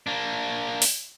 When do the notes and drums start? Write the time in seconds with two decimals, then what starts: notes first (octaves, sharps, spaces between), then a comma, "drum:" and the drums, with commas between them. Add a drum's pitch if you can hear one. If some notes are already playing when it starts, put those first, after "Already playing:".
0.07 A#3 D4
0.82 drum: open hi-hat